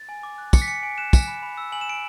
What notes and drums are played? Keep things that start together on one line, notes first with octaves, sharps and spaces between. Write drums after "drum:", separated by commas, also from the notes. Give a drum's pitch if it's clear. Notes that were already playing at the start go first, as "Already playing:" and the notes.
Already playing: A6
G#5
D6
F#6
D6 C#7, drum: kick, tambourine
B6
G#5 C#7
G#5 D7
F#6 E7
G#5, drum: kick, tambourine
B5
B5
E6
G#5 F#7
E7
G#5 D7